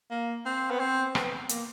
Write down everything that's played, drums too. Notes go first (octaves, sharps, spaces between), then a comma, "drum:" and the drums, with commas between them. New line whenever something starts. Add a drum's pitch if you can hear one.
A#3
C4
B3
C4
B3, drum: rim click
A#3, drum: hi-hat